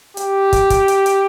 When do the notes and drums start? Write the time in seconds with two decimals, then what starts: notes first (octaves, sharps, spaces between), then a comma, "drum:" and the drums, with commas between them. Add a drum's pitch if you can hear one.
0.17 G4, drum: hi-hat
0.53 drum: kick, hi-hat
0.70 drum: kick, hi-hat
0.88 drum: hi-hat
1.06 drum: hi-hat